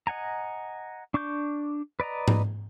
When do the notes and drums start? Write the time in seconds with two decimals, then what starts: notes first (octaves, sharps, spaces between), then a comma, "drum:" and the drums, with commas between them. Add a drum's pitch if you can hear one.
0.07 D#5 F#5 G#5 A#5
1.14 D4 C#6 D6 G6
2.00 B4 D5 D#5 A#5
2.28 drum: tom G#2